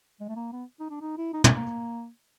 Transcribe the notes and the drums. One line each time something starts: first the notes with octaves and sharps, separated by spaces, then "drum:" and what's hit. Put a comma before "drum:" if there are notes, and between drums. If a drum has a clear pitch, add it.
G#3
A3
A#3
B3
D#4
D4
D#4
E4
D#4
A3, drum: tom
A#3